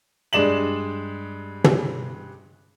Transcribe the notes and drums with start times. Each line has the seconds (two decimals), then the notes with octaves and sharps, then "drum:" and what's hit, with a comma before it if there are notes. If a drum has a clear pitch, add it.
0.33 G2 G#3 D5 E7 F#7
1.64 drum: tom